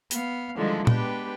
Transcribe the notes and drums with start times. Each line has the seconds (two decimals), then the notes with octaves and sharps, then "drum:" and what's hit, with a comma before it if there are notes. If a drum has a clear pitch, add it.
0.11 B3 F5, drum: hi-hat
0.56 D3 D#3 F3 G3 G#3 E4
0.87 G#3 B3 D4 G4 B4 G5, drum: tom A#2